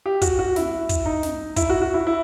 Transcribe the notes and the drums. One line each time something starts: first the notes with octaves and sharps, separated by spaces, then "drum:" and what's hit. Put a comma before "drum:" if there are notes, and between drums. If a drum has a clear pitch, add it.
G4
F#4, drum: kick, hi-hat
F#4
E4, drum: snare
drum: kick, hi-hat
D#4
drum: snare
E4, drum: kick, hi-hat
F#4
F#4
E4
E4